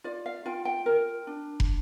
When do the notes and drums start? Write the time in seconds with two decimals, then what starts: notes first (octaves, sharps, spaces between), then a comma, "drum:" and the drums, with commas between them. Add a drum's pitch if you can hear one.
0.04 F4 D5
0.26 F5
0.46 F4 G5
0.65 G5
0.86 A#4
1.27 D4
1.60 drum: kick